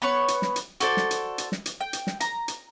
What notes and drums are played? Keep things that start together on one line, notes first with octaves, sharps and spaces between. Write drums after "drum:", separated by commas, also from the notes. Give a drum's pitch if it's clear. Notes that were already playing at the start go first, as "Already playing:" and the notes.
B3 B4 C#5 C#6
drum: hi-hat
drum: snare
drum: hi-hat
F#4 A4 C5 D5, drum: hi-hat
drum: snare
drum: hi-hat
drum: hi-hat
drum: snare
drum: hi-hat
G5
drum: hi-hat
drum: snare
A#5, drum: hi-hat
drum: hi-hat